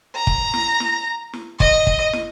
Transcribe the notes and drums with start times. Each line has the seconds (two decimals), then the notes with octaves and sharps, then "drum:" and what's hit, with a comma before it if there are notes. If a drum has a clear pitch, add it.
0.15 A#5
0.27 drum: kick
0.54 drum: snare
0.80 drum: snare
1.33 drum: snare
1.60 D#5, drum: kick
1.87 drum: kick
2.13 drum: snare